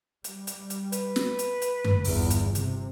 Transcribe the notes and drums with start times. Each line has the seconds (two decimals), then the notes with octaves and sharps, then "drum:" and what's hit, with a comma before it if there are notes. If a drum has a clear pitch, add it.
0.24 G3, drum: hi-hat
0.47 drum: hi-hat
0.70 drum: hi-hat
0.92 B4, drum: hi-hat
1.16 drum: snare
1.39 drum: hi-hat
1.62 drum: hi-hat
1.84 drum: tom F#2
2.04 G1 E2, drum: open hi-hat
2.30 drum: hi-hat
2.55 C3, drum: hi-hat